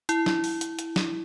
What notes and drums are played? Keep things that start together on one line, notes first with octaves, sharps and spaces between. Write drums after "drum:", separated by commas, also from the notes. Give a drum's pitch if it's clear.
E4, drum: hi-hat
drum: snare
drum: open hi-hat
drum: hi-hat
drum: hi-hat
drum: snare